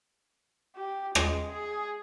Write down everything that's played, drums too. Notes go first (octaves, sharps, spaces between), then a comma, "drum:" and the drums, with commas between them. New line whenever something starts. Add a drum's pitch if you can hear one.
G4
G#3, drum: rim click
G#4